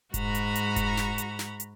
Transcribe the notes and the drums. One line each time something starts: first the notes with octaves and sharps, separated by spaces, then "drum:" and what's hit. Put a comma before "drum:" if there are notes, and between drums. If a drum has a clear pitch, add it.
G#2 F#4 A#5 B5, drum: kick F1, hi-hat
drum: hi-hat
drum: hi-hat
drum: kick F1, hi-hat
drum: snare
drum: hi-hat
drum: snare
drum: hi-hat